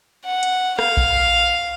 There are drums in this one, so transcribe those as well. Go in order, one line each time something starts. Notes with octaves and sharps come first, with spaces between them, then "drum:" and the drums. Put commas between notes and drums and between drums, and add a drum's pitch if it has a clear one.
F#5
drum: hi-hat
F5, drum: rim click
drum: kick B1